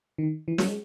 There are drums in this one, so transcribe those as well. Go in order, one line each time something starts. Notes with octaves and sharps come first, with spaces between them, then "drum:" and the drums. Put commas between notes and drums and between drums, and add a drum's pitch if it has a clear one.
D#3
E3
F#3, drum: snare
G#3